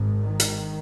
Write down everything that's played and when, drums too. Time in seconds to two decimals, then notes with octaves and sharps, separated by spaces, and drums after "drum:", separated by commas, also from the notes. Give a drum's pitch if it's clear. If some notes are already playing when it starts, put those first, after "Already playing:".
Already playing: G#1 G#2
0.24 D#3
0.40 drum: hi-hat